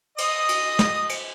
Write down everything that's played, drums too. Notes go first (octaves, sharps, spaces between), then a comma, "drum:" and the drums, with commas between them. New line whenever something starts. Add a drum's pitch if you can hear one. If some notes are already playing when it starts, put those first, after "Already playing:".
D#5 D#6, drum: cymbal
drum: cymbal
drum: snare
drum: cymbal